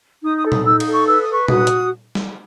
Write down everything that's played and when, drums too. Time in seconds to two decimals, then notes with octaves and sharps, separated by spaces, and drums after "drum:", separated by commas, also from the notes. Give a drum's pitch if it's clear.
0.23 D#4 D#6
0.38 D#6
0.44 A4
0.52 D#6, drum: tom A#2
0.66 D#4 E6
0.80 D#6, drum: cymbal
0.87 A4
0.94 C#6
1.08 B4 E6
1.22 D#6
1.30 B4 C#6
1.48 F#4 D#6, drum: tom A#2
1.67 drum: hi-hat
2.15 drum: snare